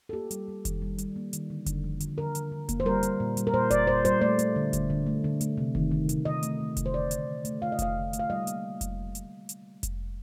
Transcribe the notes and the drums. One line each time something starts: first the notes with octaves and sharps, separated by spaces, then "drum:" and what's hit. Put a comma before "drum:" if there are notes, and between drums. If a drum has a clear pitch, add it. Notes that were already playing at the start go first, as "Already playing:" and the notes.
A4
A#3 G4
G3, drum: hi-hat
G3
D#3, drum: kick F1, hi-hat
G3
G3, drum: hi-hat
A#3
D#3, drum: hi-hat
D3
D3, drum: kick F1, hi-hat
F3
D3, drum: hi-hat
D3 A#4
D3, drum: hi-hat
D3
A#3, drum: kick F1, hi-hat
C5
G3 A#4
G3, drum: hi-hat
A#2
G3, drum: hi-hat
A#4
A#2 C5
A#2 D5, drum: kick F1, hi-hat
A#2 C5
G3 C5, drum: hi-hat
A3 D5
A3, drum: hi-hat
D3
D3, drum: kick F1, hi-hat
D3
A3
D3
A3, drum: hi-hat
C3
D#3, drum: kick F1
D#3
C3, drum: hi-hat
C3 D#5
A3, drum: hi-hat
A3
C3, drum: kick F1, hi-hat
C5
D3 D5
D3, drum: hi-hat
A3
A3, drum: hi-hat
A3 F5
D#5
A3 F5, drum: kick F1, hi-hat
D3
A3, drum: hi-hat
F5
G3 D#5
A#3, drum: hi-hat
drum: kick F1, hi-hat
drum: hi-hat
drum: hi-hat
drum: kick F1, hi-hat